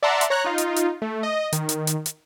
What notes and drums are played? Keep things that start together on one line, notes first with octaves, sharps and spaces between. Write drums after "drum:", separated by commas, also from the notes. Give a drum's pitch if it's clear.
D5 E5 F#5 A5 A#5 C6
drum: hi-hat
C#5 A#5 F#6
D#4 F4
drum: hi-hat
drum: hi-hat
A3
D#5
D#3, drum: hi-hat
drum: hi-hat
drum: hi-hat
drum: hi-hat